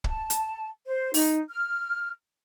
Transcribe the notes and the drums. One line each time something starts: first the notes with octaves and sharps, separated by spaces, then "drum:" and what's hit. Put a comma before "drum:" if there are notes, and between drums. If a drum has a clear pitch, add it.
A5, drum: kick
drum: hi-hat
C5
D#4, drum: open hi-hat
F6